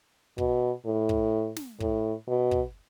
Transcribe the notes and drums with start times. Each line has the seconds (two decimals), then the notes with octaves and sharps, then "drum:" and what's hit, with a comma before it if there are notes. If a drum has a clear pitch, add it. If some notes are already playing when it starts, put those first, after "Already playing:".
0.38 B2, drum: kick
0.85 A2
1.09 drum: kick
1.56 drum: snare
1.80 A2, drum: kick
2.28 B2
2.51 drum: kick